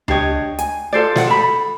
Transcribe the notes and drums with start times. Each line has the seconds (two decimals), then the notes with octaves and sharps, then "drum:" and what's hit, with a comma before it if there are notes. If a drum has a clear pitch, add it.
0.08 D4 G4 C#5 D#5, drum: tom D2
0.59 G#5, drum: hi-hat
0.93 F4 A4 C5 D5
1.16 F4 D5 F#5, drum: snare
1.27 A4 B5